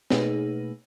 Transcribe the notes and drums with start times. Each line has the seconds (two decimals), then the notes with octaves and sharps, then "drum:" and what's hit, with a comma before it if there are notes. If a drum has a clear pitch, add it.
0.10 B2 A3 A#3 D#4 G#4 B4, drum: snare